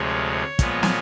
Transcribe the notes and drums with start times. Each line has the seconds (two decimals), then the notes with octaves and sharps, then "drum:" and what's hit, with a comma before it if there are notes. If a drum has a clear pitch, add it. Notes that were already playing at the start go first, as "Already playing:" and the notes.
Already playing: D2 C3 F3 G#3 C#5
0.59 A#2 F3 G#3 B3, drum: kick, hi-hat
0.83 drum: snare